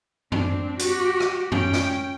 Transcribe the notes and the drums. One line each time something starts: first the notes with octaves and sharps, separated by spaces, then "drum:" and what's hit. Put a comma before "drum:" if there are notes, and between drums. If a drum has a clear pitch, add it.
C4 D4, drum: tom F#2
F#4 G4, drum: hi-hat
drum: rim click
C#4 G5, drum: tom F#2
drum: snare